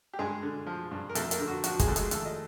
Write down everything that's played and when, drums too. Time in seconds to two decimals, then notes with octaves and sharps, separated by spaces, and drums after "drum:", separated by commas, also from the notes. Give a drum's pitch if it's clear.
0.13 G4
0.19 G2 G#3 G#4
0.43 D3
0.66 F3
0.91 G2
1.09 A#4
1.15 F2 A3 A4, drum: hi-hat
1.31 A#3 A#4, drum: hi-hat
1.39 D3
1.48 F#4
1.64 F3 F#4, drum: hi-hat
1.79 G#3 G#4, drum: kick, hi-hat
1.88 F2 A4
1.96 G#3 G#4, drum: hi-hat
2.11 D#2 A3 A4, drum: hi-hat
2.25 D#5